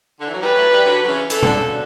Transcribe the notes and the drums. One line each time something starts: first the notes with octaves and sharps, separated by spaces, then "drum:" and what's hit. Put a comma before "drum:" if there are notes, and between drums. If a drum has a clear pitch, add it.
D3
E3
F#3
E3 G3 B4
F#3 A3
E3 G3
D3 F#3
F#3
C#3 E3
E3 A4, drum: hi-hat
D3, drum: tom B2
C#3
B2 D3